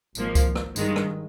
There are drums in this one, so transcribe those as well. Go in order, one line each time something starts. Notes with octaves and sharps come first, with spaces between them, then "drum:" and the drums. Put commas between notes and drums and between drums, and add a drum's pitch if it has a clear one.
G#1 G#2 F3 A#3, drum: tambourine
drum: kick C#2, tambourine
drum: rim click
G2 D#3 G#3, drum: tambourine
drum: rim click